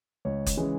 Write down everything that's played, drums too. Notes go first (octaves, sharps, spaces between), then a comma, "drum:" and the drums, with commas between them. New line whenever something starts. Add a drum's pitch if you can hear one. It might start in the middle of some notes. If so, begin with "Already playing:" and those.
C#2 C#5
drum: kick F#1, hi-hat
C#3 E3 G#3